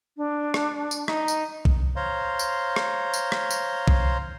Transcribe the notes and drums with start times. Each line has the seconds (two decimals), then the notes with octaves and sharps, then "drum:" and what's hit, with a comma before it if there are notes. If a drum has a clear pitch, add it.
0.17 D4
0.54 drum: rim click
0.91 drum: tambourine
1.08 D#4, drum: rim click
1.28 drum: tambourine
1.65 drum: kick B1
1.96 C5 C#5 F5 A#5 C6
2.39 drum: tambourine
2.76 drum: rim click
3.13 drum: tambourine
3.32 drum: rim click
3.51 drum: tambourine
3.88 drum: kick B1